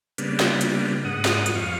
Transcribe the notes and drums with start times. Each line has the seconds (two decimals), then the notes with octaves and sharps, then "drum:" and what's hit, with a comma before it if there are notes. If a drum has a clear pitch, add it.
0.18 C#3 G3 A#3 B3 D4, drum: hi-hat
0.40 drum: snare
0.61 drum: hi-hat
1.05 G#2 F#5 D#6
1.25 drum: snare
1.46 drum: hi-hat
1.55 F2 F5 C#6